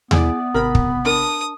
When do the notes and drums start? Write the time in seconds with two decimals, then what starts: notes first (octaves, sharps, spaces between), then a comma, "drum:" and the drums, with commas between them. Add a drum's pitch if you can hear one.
0.11 B3 E4 G#4 D5, drum: tom D#2
0.54 G#1 C3 A#4 B5
0.75 drum: kick
1.05 D4 A#4 A5 D#6